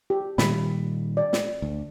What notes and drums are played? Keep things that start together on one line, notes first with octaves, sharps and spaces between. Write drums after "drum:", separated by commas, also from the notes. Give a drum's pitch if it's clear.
G4
A#2 D#3 G3 B5, drum: snare
D5
drum: snare
D2